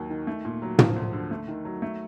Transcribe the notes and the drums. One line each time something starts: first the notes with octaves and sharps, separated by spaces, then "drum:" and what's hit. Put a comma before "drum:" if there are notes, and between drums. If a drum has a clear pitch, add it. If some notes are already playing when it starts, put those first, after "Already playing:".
Already playing: D#2 F#3
D#3
A3
A#2
F#3
F3, drum: tom
D2
D3
A3
D#3
F#3
A3